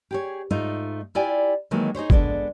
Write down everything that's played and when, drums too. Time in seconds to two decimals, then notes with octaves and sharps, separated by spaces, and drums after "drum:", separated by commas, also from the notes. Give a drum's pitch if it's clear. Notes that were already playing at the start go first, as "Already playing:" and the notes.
0.11 G4 G#4 C#5
0.51 G#2 A3 D#4 F4
1.15 E4 F4 G4 D5 G#5
1.71 D#3 E3 F#3 G#3 A#3
1.95 D#4 G#4 C5 C#5
2.10 G#3 B3 D4 A4, drum: kick